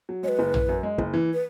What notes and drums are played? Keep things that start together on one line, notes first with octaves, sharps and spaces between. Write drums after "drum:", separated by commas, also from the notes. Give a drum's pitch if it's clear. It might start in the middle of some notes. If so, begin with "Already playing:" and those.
F#3
G#3 C#5
B4
F#1
E3, drum: tom A#1
F#2
G#3
F#1, drum: kick
E3
B4